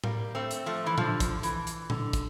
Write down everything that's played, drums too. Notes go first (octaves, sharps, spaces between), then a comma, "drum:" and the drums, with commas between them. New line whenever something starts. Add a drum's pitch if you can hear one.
G3 A#3, drum: tom A2
A3 C4
drum: hi-hat
F3 A3
E3
D3 F3, drum: tom A#2
drum: kick, hi-hat
E3, drum: hi-hat
drum: hi-hat
D3, drum: tom A#2
drum: kick, hi-hat